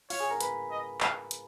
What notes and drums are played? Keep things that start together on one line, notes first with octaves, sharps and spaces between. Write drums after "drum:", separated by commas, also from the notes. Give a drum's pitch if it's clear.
F4 C#5 F5, drum: open hi-hat
G#4 G#5
A#4 A#5
B4 B5, drum: hi-hat
D#5
F5, drum: clap
drum: hi-hat